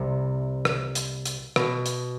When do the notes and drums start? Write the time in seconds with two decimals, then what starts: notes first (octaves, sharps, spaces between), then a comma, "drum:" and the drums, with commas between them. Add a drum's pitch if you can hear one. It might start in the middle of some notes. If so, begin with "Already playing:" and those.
Already playing: C2 C3
0.65 drum: rim click
0.95 drum: hi-hat
1.25 drum: hi-hat
1.56 B2, drum: rim click
1.86 drum: hi-hat